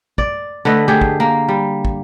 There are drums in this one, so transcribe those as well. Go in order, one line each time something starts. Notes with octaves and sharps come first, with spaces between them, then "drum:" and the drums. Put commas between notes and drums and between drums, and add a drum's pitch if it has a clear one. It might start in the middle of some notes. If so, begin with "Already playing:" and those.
D5, drum: kick
D3 A3 B4 D#5
A3 G4 G#4
drum: kick
A#3
G3
drum: kick